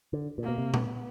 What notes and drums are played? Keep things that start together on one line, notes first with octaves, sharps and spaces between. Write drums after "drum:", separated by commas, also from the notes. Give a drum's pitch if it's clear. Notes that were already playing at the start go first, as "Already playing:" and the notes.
D3
A#2
B2 A#3
C3
B3, drum: tom A#2